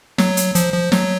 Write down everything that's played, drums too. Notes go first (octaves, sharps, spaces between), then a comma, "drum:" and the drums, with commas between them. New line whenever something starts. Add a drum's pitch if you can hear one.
F#3, drum: snare
drum: hi-hat
F3, drum: hi-hat
F3
F#3, drum: snare